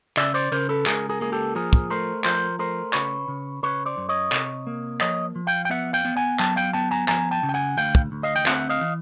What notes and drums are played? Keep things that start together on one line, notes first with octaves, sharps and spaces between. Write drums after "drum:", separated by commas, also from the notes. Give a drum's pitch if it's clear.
C#3 D5 E5, drum: clap
C5 D5
C#3 A#4 C5
A4 B4
C#2 G#4 A#4, drum: clap
G#4 A#4
A#3 G#4
G4 A4
F3 G#4 A#4
drum: kick
A3 A#4 C5
F3 A#4 C5, drum: clap
A3 A#4 C5
C#3 B4 C#5, drum: clap
C#3
C#3 B4 C#5
C5 D5
F#2
C#5 D#5
C3, drum: clap
A#3
F3 C#5 D#5, drum: clap
F3
F5 G5
G5
B3 E5 F#5
F5 G5
B3
F#5 G#5
F#3 G5 A5, drum: clap
F5 G5
B3 G5 A5
G#5 A#5
F3 G#5 A#5, drum: clap
G5 A5
C#3
G5
F#5 G#5
D2 F5 G5
drum: kick
D2
D#5 F5
G5
C4 E5 F#5, drum: clap
D#5 F5
E3